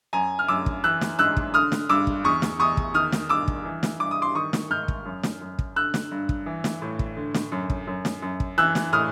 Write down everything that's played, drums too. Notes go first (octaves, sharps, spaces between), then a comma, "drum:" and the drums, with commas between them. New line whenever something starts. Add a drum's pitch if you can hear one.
F#2 G#5 A#5
F6
F#2 D6 E6
drum: kick
E3 E6 F#6
drum: snare
G#2 E6 F#6
drum: kick
D3 D#6 F6
drum: snare
G2 D6 E6
drum: kick
E2 C#6 D#6
drum: snare
E2 C#6 D#6
drum: kick
D#3 D#6 F6
drum: snare
G2 D6 E6
drum: kick
E3
drum: snare
G2 D6
D#6
C6 D6
D#3 C#6 D#6
drum: snare
G#2 F6 G6
drum: kick
F#2
drum: snare
F#2
drum: kick
D3 E6 F#6
drum: snare
G2
drum: kick
E3
drum: snare
A2
drum: kick
D3
drum: snare
F#2
drum: kick
F#2
drum: snare
F#2
drum: kick
E3 E6 F#6
drum: snare
A2 D#6 F6